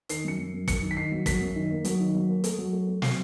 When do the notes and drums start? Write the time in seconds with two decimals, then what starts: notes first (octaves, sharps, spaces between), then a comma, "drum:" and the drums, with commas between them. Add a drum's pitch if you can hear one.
0.09 D#3 C7, drum: hi-hat
0.24 F#2 C#7
0.39 F#2
0.54 F#2
0.68 F#2 C#7, drum: kick, hi-hat
0.82 D#3
0.91 B6
0.97 D#3 C7
1.12 F#3
1.26 F#3 B6, drum: kick, hi-hat
1.41 F#2
1.56 D#3
1.71 A#3
1.85 F#3, drum: hi-hat
2.00 D#3
2.14 F#3
2.29 A#3
2.44 A3, drum: hi-hat
2.58 F#3
2.73 A3
2.87 A3
3.02 F#3 C7, drum: snare